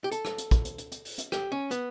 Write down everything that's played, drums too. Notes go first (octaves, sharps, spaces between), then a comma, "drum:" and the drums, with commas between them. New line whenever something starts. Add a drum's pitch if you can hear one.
G4
A4, drum: hi-hat
drum: rim click
drum: hi-hat
drum: kick, hi-hat
drum: hi-hat
drum: hi-hat
drum: hi-hat
drum: open hi-hat
drum: hi-hat
G4, drum: rim click
C#4
B3, drum: hi-hat